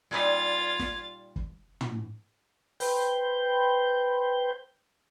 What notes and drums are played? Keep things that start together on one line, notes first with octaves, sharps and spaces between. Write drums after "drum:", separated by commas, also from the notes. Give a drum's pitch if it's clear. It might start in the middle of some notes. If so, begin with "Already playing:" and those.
A#2 G3 D#4 F4 G#6 A6
drum: snare
drum: kick
drum: tom
B4 C5 G5 G6, drum: open hi-hat